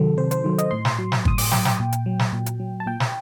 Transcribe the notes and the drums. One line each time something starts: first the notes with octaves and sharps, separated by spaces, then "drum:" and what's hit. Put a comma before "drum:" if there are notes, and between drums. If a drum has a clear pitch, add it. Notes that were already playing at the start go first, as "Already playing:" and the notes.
Already playing: C3 D#3 F#3 A4
C3 C5
C5, drum: hi-hat
D#3 F#3
D#5, drum: hi-hat
A2 C6
drum: snare
F#3
drum: snare
A2 D#6, drum: kick
D6, drum: open hi-hat
F#3 G5, drum: snare
G5, drum: snare
A#2
drum: hi-hat
F#3
drum: snare
A#2
drum: hi-hat
F#3
A5
A#2 G5
drum: snare